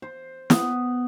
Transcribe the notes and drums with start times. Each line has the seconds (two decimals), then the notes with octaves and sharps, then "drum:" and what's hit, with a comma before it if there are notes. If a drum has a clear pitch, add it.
0.02 C5
0.50 B3, drum: snare